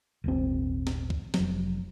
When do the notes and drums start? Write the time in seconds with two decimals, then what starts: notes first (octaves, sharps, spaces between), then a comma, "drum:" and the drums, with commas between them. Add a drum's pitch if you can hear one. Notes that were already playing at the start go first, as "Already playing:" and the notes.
0.24 D#1 G#1 C4
0.87 drum: snare
1.10 drum: kick
1.34 F1 F#3, drum: snare